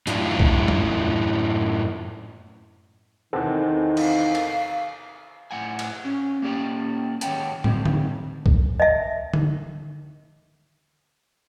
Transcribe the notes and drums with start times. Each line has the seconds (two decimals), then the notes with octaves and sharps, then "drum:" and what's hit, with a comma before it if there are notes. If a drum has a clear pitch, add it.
0.07 F#2 A2 D4 E4 F4, drum: hi-hat
0.39 drum: kick B1
0.68 drum: tom E2
3.33 E2 C3 D#3 C4 A4 F#5 A5
3.97 F5, drum: cymbal
4.35 drum: cymbal
5.51 A2 F#5 G#5
5.79 drum: cymbal
6.05 C#4
6.42 A#3 C#4 G4 D5 G5
7.21 D#3 G#3 C#5 F#5 G5 A5, drum: hi-hat
7.64 D3 G#3 C4, drum: tom
7.86 drum: tom D3
8.46 drum: kick B1
8.80 D#5 E5
9.33 drum: tom D3